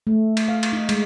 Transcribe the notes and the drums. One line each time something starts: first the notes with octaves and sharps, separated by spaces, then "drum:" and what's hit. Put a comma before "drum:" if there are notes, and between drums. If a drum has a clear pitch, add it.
A3
drum: cymbal
F5
drum: cymbal
D#4
G#3, drum: cymbal